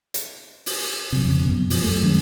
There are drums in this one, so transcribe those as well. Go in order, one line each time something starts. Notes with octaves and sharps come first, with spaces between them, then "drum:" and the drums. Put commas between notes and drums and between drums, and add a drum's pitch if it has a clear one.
drum: hi-hat
drum: open hi-hat
C3 F#3
F2 C#3
F#2 B2
F3, drum: open hi-hat
F#2 F#3 A3
D#3 F#3 G#3 C#4